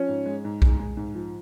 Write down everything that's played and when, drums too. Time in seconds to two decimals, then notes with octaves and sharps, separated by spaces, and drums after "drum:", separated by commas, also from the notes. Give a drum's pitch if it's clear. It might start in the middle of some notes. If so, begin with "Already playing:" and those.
Already playing: F3 C#4
0.08 G#2
0.26 G#3
0.44 G#2
0.62 G#3, drum: kick A#1
0.79 G#3
0.97 G#2
1.14 F3